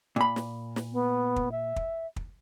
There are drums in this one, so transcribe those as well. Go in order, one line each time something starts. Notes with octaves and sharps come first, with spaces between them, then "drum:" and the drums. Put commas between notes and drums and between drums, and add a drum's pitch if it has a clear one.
A#2 B5
drum: snare
drum: snare
B3
drum: kick
E5
drum: kick
drum: kick